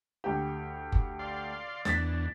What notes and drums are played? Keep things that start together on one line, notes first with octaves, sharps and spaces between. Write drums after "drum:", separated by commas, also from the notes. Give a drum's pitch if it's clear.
D2 G4
drum: kick F#1
D5 F5 C6
E2 D4 A6 B6, drum: snare